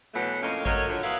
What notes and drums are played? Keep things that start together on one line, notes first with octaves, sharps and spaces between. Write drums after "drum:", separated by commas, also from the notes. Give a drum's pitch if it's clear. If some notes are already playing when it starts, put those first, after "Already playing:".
B2 E3 F#3 A3
F2 A2 A#3 C#4 D#5
F#3 A3 A#4 C#5 D#5, drum: kick A1, hi-hat
D3 F3 F#3
F#3 B3 E4 A#4 F5, drum: hi-hat